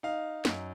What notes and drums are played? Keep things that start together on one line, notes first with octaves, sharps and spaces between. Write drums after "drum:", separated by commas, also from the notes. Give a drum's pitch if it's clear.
D#4 F5
F#2, drum: snare